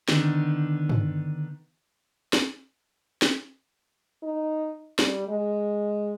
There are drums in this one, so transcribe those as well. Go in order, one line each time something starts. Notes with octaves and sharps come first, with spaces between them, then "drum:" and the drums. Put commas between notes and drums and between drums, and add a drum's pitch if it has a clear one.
D3 D#3 B3 D4 D#4, drum: snare
drum: tom
drum: snare
drum: snare
D#4
G3, drum: snare
G#3